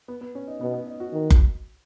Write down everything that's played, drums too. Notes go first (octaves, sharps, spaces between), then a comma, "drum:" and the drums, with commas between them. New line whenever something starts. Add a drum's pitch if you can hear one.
B3
B3
C#4
D#4
B2 B3
B3
D#4
F#4
D#3
drum: kick F#1